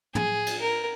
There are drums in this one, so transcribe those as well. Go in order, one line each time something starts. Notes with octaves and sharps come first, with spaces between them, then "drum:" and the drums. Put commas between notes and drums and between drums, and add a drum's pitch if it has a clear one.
G#4, drum: tom
drum: cymbal
A#4